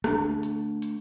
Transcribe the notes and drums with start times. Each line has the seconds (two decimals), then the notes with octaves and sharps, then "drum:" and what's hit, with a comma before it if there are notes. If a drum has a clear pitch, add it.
0.04 A3 D4, drum: rim click
0.43 drum: hi-hat
0.82 drum: hi-hat